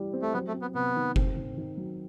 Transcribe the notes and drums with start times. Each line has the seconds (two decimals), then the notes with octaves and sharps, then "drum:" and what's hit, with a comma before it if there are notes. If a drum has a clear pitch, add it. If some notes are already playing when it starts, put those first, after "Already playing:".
Already playing: E3 G3 E4 G4
0.13 C4
0.22 A3
0.34 F#3 B3
0.48 A3
0.54 C4
0.62 B3
0.75 C3 B3
0.96 D#3
1.16 C4, drum: kick F#1
1.36 D#3
1.57 D#3
1.77 F#3